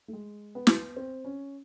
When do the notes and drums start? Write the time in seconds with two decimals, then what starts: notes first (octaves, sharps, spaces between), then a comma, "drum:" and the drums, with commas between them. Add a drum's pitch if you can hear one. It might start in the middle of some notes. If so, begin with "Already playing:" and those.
0.08 A3
0.13 G#3
0.55 B3
0.67 drum: snare
0.96 C4
1.25 C#4